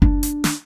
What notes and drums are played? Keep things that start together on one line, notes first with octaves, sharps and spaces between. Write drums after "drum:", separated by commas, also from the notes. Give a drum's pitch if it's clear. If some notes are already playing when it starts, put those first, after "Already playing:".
D4, drum: kick F#1
drum: hi-hat
drum: snare